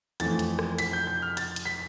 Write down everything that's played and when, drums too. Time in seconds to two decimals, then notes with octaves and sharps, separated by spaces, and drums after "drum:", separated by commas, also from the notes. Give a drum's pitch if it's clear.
0.20 F2 E3 A3 A6, drum: hi-hat
0.39 drum: hi-hat
0.59 drum: rim click
0.78 B6, drum: hi-hat
0.93 G6
1.07 G6
1.22 F6
1.37 A6, drum: hi-hat
1.56 drum: hi-hat
1.65 B6